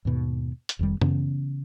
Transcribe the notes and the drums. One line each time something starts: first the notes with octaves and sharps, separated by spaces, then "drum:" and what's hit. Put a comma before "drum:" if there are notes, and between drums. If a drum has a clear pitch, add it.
D#2 G#2 B2
drum: hi-hat
F1 F2 D#3 G3
C#3 E3 B3 C#4, drum: tom F#2